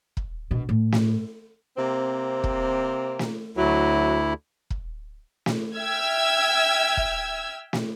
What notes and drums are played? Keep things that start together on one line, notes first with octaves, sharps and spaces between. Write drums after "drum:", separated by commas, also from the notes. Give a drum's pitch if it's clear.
drum: kick
A#1 B2
A2
drum: snare
C3 A#3 C4
drum: kick
drum: snare
D2 F#3 E4
drum: kick
drum: snare
E5 G5 E6 F6 G#6
drum: kick
drum: snare